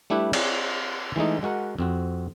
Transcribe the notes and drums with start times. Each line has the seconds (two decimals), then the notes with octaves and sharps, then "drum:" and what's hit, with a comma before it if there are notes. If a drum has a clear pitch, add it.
0.10 G3 A3 D4 E4 G4 B4
0.33 C4 F4 G#4 C#5 D5, drum: cymbal
1.16 E3 G#3 A3 D#4
1.43 G#3 F#4 A#4 F#5
1.79 F2 C4 F#4